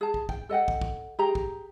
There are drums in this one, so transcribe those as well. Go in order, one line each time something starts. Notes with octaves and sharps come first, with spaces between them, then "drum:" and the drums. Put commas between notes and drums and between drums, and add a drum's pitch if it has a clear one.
G#4 A5
drum: kick
G5, drum: kick
A4 D#5 F#5 G5
drum: kick
drum: kick
G4 G#4 A#5
drum: kick